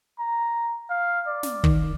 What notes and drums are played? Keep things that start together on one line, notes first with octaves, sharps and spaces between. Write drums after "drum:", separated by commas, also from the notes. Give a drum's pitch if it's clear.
A#5
F5
D5
drum: snare
D#3, drum: kick